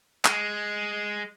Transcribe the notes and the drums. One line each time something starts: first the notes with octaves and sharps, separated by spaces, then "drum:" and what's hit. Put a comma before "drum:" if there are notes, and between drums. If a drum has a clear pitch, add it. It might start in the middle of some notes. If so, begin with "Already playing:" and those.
G#3, drum: clap